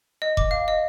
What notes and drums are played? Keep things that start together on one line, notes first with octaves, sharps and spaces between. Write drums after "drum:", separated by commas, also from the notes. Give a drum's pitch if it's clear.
D#5
D6, drum: kick E1
F5
D#5